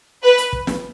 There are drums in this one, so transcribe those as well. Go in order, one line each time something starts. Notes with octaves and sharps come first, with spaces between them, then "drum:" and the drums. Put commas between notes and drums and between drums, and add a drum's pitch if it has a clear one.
B4
drum: hi-hat
drum: kick
drum: snare